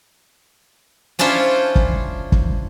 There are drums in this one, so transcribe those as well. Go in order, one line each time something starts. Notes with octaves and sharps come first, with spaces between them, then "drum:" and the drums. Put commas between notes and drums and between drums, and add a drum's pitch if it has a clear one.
C#4 D4 E4 F4 C5 C#5
drum: kick
drum: kick